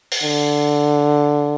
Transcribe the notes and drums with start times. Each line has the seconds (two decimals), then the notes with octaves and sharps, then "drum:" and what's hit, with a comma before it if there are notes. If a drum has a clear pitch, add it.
0.11 drum: open hi-hat
0.23 D3